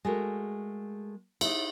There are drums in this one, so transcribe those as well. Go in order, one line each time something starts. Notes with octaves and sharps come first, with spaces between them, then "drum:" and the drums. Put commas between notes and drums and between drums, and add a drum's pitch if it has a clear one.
G#3 A3 F#4 A#4
D#4 E4, drum: cymbal